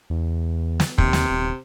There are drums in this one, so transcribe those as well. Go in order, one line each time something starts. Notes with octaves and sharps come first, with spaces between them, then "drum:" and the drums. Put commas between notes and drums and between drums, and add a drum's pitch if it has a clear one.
E2
drum: snare
D#2 C3, drum: kick
drum: snare
D#1